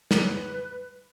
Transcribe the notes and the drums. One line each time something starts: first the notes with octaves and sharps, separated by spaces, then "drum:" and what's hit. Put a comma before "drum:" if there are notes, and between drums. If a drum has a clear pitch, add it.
B4, drum: snare